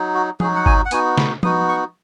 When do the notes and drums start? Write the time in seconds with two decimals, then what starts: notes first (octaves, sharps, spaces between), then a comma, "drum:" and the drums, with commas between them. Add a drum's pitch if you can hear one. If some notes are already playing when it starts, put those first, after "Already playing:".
Already playing: F#3 D#4
0.15 F#4
0.40 F#3 D#4 F#4 G#4, drum: tom F3
0.56 F#5
0.66 G#5, drum: kick G1
0.85 F#5
0.91 B3 D#4 F#4 G#5, drum: hi-hat
1.18 B5, drum: snare
1.43 B3 D#4 F#4 D#6, drum: tom F3
1.68 C#6